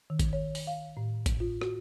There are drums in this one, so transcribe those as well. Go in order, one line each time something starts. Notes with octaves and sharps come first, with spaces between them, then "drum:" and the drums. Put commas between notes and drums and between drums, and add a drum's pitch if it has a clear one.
D#3
drum: kick A1, hi-hat
C#5
drum: open hi-hat
F5
A2
drum: kick A1, hi-hat
F4
F#4, drum: rim click